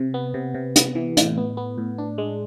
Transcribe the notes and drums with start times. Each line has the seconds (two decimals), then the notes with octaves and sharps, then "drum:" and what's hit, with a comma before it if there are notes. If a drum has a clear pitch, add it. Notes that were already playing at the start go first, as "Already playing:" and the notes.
Already playing: C3
0.14 B3
0.34 C3
0.54 C3
0.76 B3, drum: hi-hat
0.95 E3
1.17 A2, drum: hi-hat
1.37 B3
1.57 B3
1.78 A2
1.98 D4
2.18 G#3